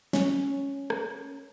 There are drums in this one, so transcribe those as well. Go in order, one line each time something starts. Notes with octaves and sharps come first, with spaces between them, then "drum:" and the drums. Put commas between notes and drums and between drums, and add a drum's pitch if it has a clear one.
C#4, drum: snare
drum: rim click